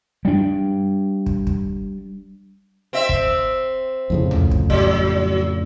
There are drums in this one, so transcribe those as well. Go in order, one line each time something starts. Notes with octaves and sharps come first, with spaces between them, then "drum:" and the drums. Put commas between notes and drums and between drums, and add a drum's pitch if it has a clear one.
G3 D4
drum: kick
drum: kick
C4 E5
drum: kick
F2 A2 C#3
drum: tom
drum: kick
F#3, drum: kick